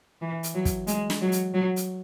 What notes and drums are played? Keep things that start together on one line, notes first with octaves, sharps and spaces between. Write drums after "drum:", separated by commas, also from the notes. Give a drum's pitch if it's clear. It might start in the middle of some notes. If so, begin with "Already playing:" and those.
E3
drum: hi-hat
F#3
drum: kick, hi-hat
G#3, drum: hi-hat
drum: snare
F#3
drum: hi-hat
F#3
drum: hi-hat